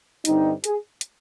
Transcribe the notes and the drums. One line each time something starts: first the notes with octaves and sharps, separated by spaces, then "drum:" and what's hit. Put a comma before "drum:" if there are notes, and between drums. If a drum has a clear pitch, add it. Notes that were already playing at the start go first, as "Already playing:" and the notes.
G2 D3 G3 C4 D#4, drum: hi-hat
G#4, drum: hi-hat
drum: hi-hat